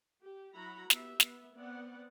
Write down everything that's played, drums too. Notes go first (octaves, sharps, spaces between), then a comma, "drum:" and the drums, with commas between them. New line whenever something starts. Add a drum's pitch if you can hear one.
G4
F#3 E4 F#4 A#5 B5
B3 G4 E5, drum: snare
B3 E5, drum: snare
B3 C4 D5 F#5